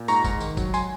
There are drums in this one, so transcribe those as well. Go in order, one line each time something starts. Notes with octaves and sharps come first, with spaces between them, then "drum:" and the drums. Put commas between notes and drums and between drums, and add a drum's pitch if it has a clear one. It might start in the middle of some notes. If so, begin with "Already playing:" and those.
Already playing: A#2
G#2 A#5 C#6, drum: tambourine
G#2, drum: kick, tambourine
D#3, drum: tambourine
F#3, drum: kick, tambourine
G#5 C6, drum: tambourine